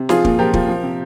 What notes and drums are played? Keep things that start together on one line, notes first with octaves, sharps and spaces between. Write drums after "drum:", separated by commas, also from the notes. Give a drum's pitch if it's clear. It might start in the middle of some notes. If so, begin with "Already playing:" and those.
Already playing: C3
F3 F4 G#4, drum: snare
A#2, drum: kick
F3 G4 A#4
F3, drum: kick
F3
C3